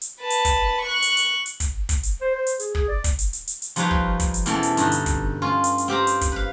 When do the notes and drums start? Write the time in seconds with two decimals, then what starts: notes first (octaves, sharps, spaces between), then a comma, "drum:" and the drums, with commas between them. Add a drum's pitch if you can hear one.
0.01 drum: hi-hat
0.21 B4 A5
0.30 drum: hi-hat
0.45 drum: kick, hi-hat
0.81 C#6 F#6
1.02 drum: hi-hat
1.17 drum: hi-hat
1.46 drum: hi-hat
1.60 drum: kick, hi-hat
1.89 drum: kick, hi-hat
2.03 drum: hi-hat
2.21 C5
2.35 C5
2.47 drum: hi-hat
2.60 G#4, drum: hi-hat
2.75 G#4, drum: kick
2.89 D5
3.04 drum: kick, hi-hat
3.19 drum: hi-hat
3.33 drum: hi-hat
3.47 drum: hi-hat
3.62 drum: hi-hat
3.76 F3 G3 D#4 B4 C#5 F5, drum: hi-hat
3.91 drum: kick
4.20 drum: kick, hi-hat
4.34 drum: hi-hat
4.46 E2 B2 E3 C#4 A4, drum: hi-hat
4.63 drum: hi-hat
4.77 G2 D3 D#4, drum: hi-hat
4.92 drum: hi-hat
5.06 drum: kick, hi-hat
5.42 C#4 F4
5.64 drum: hi-hat
5.78 drum: hi-hat
5.88 C4 G4 F5 A#5
6.07 drum: hi-hat
6.21 drum: kick, hi-hat
6.32 B4 F5